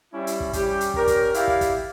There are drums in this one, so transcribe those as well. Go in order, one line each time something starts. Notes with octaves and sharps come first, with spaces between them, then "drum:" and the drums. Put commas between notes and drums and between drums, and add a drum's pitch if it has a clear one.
G3 C#4 E4
drum: hi-hat
drum: kick
G3 C#4 G4, drum: kick, hi-hat
drum: hi-hat
C#4 G4 A#4 D5 G5, drum: kick
drum: kick, hi-hat
E4 G4 D5 F5, drum: hi-hat
drum: kick
drum: kick, hi-hat